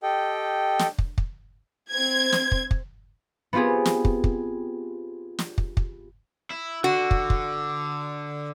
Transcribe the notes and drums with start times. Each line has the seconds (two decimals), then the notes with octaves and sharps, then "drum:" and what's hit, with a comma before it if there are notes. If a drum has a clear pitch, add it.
0.03 G4 A4 D#5 G5
0.79 drum: snare
0.98 drum: kick
1.18 drum: kick
1.92 C4 G#6
2.32 drum: snare
2.52 drum: kick
2.71 drum: kick
3.53 B3 C4 F4 G4 G#4
3.85 drum: snare
4.05 drum: kick
4.24 drum: kick
5.39 drum: snare
5.58 drum: kick
5.77 drum: kick
6.50 E4
6.84 D3 F#4
7.11 drum: kick
7.30 drum: kick